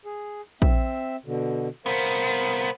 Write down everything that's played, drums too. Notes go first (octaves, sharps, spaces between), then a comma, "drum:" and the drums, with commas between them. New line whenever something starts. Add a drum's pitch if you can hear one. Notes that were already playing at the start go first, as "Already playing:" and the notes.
G#4
C4 E5, drum: kick A#1
B2 D3
C2 B3 A#4 C5 F5
drum: cymbal